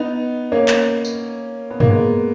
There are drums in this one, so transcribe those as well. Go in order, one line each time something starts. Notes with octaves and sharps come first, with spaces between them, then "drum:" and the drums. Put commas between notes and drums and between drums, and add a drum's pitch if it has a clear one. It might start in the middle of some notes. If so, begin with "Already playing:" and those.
Already playing: B3 D#4
A#3 C#4
drum: clap
drum: tambourine
B3
A#3, drum: tom G2
G#3 B3